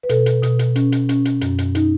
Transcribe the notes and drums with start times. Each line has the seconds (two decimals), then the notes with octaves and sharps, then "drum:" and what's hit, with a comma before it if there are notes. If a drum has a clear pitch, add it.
0.03 B4
0.09 B2 A4, drum: hi-hat
0.26 drum: hi-hat
0.43 B2, drum: hi-hat
0.59 drum: hi-hat
0.76 C#4, drum: hi-hat
0.92 drum: hi-hat
1.09 C#4, drum: hi-hat
1.25 drum: hi-hat
1.41 F#2, drum: hi-hat
1.58 drum: hi-hat
1.75 D#4, drum: hi-hat